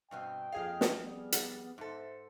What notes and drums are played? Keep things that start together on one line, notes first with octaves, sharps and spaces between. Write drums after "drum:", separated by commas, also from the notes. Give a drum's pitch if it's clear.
G2 B2 C4 D#5 G5
F2 A#3 G#4 F5 F6
drum: snare
G3 B3
D5 F#5, drum: hi-hat
G#2 A4 C5 E5